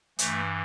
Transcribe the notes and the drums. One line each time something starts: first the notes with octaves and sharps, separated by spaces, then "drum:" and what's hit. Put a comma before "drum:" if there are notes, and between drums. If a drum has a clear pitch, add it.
G2 E3 A3, drum: hi-hat